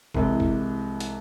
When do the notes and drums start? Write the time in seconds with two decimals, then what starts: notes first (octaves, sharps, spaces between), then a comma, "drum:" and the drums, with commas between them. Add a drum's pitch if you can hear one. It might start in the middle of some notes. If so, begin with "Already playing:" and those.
0.14 C2 C3 E3 G#3, drum: kick
0.40 drum: kick
1.00 drum: hi-hat